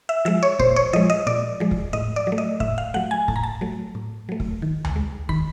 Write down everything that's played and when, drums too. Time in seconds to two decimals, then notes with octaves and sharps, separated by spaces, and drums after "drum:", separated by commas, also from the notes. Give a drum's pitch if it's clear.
0.09 E5
0.25 F3 G#3 E5
0.43 C#5
0.59 A#2 C5, drum: kick
0.76 C#5
0.93 F3 G#3 D#5
1.10 D#5
1.27 A#2 D5
1.60 F3 G#3
1.71 drum: kick
1.93 A2 D#5
2.16 D5
2.27 F#3
2.32 A3
2.38 D#5
2.60 A2 E5, drum: kick
2.78 F5
2.94 F#3 A3 F#5
3.11 G#5
3.28 A2 A5, drum: kick
3.36 A#5
3.43 A5
3.61 F#3 A3
3.95 A2
4.29 F#3 A3
4.40 drum: kick
4.62 D#3
4.85 drum: tom D2
4.96 G#3
5.29 D#3 B5, drum: kick